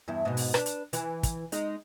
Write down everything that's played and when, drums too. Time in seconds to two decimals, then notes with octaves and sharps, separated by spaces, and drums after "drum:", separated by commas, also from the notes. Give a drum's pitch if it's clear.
0.08 E2 G2 E4
0.25 G#2 B2
0.37 drum: open hi-hat
0.54 D4 B4, drum: rim click
0.66 drum: hi-hat
0.93 E3, drum: hi-hat
1.23 drum: kick, hi-hat
1.52 G#3 D#4, drum: hi-hat